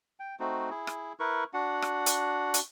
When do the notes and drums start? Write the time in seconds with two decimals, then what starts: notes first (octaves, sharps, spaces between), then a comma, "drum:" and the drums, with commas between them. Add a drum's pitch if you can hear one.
0.20 G5
0.40 A3 C4 D#4 F#4
0.70 E4 G#4
0.87 drum: rim click
1.20 E4 A#4 B4 C#6
1.54 D4 F#4 F#5
1.82 drum: rim click
2.06 drum: hi-hat
2.54 drum: hi-hat